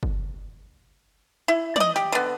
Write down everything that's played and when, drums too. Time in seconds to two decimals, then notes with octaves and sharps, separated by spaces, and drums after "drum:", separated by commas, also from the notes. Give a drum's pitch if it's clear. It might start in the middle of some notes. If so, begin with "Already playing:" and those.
0.03 drum: kick
1.48 E4
1.76 D5 D#5, drum: tom
1.96 G4, drum: hi-hat
2.12 D3 B3